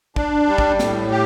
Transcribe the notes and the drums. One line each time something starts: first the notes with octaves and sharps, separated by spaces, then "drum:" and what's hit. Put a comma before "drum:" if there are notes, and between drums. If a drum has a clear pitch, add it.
D4, drum: kick
G3
drum: kick
A2, drum: snare
G4